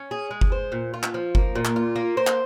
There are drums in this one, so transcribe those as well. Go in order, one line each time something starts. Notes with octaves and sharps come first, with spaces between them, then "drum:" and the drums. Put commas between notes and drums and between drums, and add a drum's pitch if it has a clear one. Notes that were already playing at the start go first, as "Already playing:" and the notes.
Already playing: C#4
G#4
G#3
drum: kick F#1
C5
A#2
F4
drum: clap
F3
A#3, drum: kick F#1
A#2
drum: clap
F4
A#3
C5
drum: clap